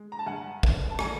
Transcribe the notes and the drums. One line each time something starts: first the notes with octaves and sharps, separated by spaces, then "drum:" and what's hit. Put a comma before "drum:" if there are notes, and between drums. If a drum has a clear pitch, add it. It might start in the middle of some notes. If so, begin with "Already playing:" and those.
Already playing: G#3
A#5
A5
G2 F#5 G#5
G2, drum: kick
A5
G3 G#5 A#5, drum: rim click